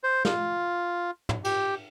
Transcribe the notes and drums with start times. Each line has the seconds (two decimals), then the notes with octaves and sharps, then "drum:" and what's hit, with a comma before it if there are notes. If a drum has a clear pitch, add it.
0.04 C5
0.25 F4, drum: snare
1.29 drum: tom
1.44 G4, drum: cymbal